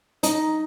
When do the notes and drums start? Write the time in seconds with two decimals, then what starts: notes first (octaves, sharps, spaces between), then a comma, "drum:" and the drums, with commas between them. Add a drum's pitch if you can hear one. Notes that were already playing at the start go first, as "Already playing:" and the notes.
0.23 D#4, drum: hi-hat